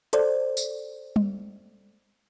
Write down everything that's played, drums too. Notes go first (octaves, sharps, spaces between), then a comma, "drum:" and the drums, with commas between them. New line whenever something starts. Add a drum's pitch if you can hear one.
A4 C5 D5, drum: hi-hat
drum: tambourine
drum: tom G3